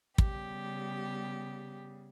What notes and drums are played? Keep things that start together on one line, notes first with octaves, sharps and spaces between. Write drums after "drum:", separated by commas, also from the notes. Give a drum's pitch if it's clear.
C#3 G3 B3 G4, drum: kick